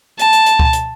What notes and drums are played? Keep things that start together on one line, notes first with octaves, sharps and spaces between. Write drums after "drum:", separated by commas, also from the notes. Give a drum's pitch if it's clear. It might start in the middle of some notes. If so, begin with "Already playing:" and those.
A5, drum: hi-hat
drum: hi-hat
drum: hi-hat
drum: kick C#2
drum: hi-hat